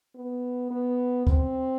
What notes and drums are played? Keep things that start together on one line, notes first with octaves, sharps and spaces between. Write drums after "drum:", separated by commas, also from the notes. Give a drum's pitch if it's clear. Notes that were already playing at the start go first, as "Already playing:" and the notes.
B3
B3
C4, drum: kick D2